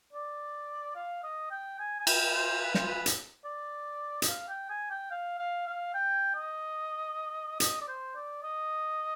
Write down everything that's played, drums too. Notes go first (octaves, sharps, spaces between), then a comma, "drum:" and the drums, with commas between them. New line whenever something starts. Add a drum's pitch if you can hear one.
D5
F5
D#5
G5
G#5
G#5
G5, drum: cymbal
C5
B4
C5, drum: snare
B4
drum: hi-hat
D5
D#5, drum: hi-hat
F5
G5
G#5
G5
F5
F5
F5
G5
D#5
D#5, drum: hi-hat
D5
C5
D5
D#5